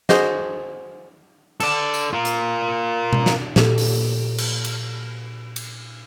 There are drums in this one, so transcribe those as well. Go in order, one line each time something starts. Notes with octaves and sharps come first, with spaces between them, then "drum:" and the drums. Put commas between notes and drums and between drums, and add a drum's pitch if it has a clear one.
F#4 G#4 C5 D#5, drum: snare
A4 D5, drum: cymbal
drum: tambourine
F4 A#4
drum: hi-hat
drum: tom B2
drum: snare
A#2 G4 A4, drum: snare
drum: open hi-hat
drum: cymbal
drum: cymbal
drum: cymbal